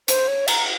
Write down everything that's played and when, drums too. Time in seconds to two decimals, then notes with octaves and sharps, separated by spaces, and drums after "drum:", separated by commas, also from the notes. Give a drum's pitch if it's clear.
0.08 C5, drum: hi-hat
0.28 C#5
0.48 A#5, drum: cymbal